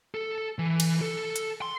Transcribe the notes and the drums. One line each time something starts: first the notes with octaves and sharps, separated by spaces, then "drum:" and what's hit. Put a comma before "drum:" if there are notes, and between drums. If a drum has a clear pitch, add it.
A4
E3
drum: cymbal
A4
drum: hi-hat
C6